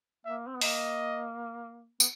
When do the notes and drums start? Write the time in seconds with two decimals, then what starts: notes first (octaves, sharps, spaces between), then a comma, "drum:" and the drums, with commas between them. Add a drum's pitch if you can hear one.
0.25 A#3 E5
0.47 C4
0.55 B3
0.61 A#3 D#5, drum: open hi-hat
2.00 B3, drum: tambourine